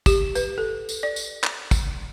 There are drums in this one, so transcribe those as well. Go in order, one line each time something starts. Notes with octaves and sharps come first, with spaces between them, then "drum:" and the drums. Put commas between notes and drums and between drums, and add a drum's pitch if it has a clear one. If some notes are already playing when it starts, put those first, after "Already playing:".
G4, drum: kick, tambourine
B4, drum: tambourine
A4
drum: tambourine
D5
drum: tambourine
drum: clap
drum: kick, tambourine